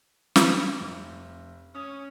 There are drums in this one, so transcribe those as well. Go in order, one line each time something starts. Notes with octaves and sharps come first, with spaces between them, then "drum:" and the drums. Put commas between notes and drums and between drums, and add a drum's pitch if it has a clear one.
drum: snare
F1
C#4 D#6